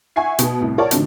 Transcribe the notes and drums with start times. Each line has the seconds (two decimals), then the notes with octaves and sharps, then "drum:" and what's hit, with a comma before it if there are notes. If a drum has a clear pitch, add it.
0.16 E5 F#5 G#5 C#6 G#6 C7
0.39 B2 B3, drum: hi-hat
0.61 C2 A2
0.78 A#4 C#5 D5 F#5 A5
0.91 A2 D3 E3 F#3 D4 D#4, drum: hi-hat